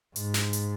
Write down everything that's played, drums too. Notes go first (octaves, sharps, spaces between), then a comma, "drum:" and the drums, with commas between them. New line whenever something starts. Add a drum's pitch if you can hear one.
G#2, drum: hi-hat
drum: snare
drum: hi-hat